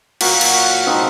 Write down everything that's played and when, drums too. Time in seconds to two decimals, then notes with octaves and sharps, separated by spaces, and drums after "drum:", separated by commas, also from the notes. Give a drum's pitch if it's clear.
0.21 A#2 F#3 F#4 A#4, drum: cymbal
0.41 drum: cymbal
0.86 C3 F3 G#3 C4 D#4